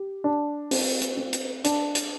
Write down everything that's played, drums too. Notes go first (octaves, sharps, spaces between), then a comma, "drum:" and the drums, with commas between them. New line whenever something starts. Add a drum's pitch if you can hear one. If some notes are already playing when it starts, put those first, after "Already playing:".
Already playing: G4
D4
C4, drum: open hi-hat
drum: hi-hat
C4
drum: hi-hat
D4, drum: hi-hat
drum: hi-hat